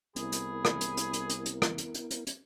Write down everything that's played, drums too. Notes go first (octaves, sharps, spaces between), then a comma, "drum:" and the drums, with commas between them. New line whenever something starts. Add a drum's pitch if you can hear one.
C2 B3 E4 G#4 A#4 B5, drum: hi-hat
drum: hi-hat
drum: rim click
drum: hi-hat
drum: hi-hat
drum: hi-hat
drum: hi-hat
drum: hi-hat
drum: rim click
drum: hi-hat
drum: hi-hat
drum: hi-hat
drum: hi-hat